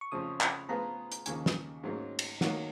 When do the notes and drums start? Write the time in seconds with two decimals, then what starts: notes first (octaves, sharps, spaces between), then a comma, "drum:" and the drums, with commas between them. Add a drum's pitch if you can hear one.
0.01 C#6
0.12 F2 C#3 F3 D#6
0.41 B5, drum: clap
0.69 F3 B3 F4 G#4 B4 A#5
1.12 drum: hi-hat
1.26 D#2 C#3 F3 A#3 G#5, drum: hi-hat
1.46 drum: snare
1.84 G#2 F#3 A#3 C#4
2.19 drum: cymbal
2.41 D#3 F#3 A#3 F#5, drum: snare